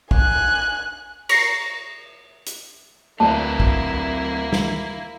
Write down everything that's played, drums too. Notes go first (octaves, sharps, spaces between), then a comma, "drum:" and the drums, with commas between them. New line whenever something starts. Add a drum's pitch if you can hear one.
G#5 F#6, drum: kick
A#5 C#6 A#6 C7, drum: cymbal
drum: hi-hat
D2 F#3 A#3 C4 E4 B4 D5 A5
drum: kick
drum: snare